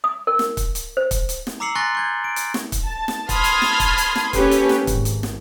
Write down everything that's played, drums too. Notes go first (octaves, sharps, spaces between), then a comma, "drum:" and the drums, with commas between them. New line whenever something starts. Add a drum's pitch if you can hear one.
D#6
A#4
drum: snare
drum: kick, hi-hat
drum: hi-hat
C5
drum: kick, hi-hat
drum: hi-hat
drum: snare
A#5 D6 E6 C7 C#7 F#7
G#5 C6 C#6 F#6 A6 A#6
C#6 G6 G#6
D7
drum: hi-hat
drum: snare
drum: kick, hi-hat
A5
drum: snare
A5 B5 C6 D#6 F6 G#6, drum: kick, hi-hat
drum: hi-hat
drum: snare
drum: kick, hi-hat
drum: hi-hat
drum: snare
A#3 C#4 G4 A4 B4 C#5, drum: kick, hi-hat
drum: hi-hat
drum: snare
G#1, drum: kick, hi-hat
drum: hi-hat
drum: snare